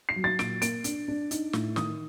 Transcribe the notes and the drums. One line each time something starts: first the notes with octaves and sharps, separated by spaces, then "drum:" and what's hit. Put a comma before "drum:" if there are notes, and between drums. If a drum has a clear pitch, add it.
C7
F#3
A6
A#2 D7, drum: snare
A#3 D7, drum: hi-hat
D4, drum: hi-hat
D4
D#4, drum: hi-hat
A2, drum: snare
D#3 D#6, drum: snare